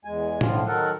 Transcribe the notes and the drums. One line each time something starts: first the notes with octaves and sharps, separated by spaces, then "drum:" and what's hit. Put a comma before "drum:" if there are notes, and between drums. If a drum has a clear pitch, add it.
E2 G#3 G#5
A2 D3 F3 F4, drum: tom A2
D#3 F#3 A4 A#4 F#5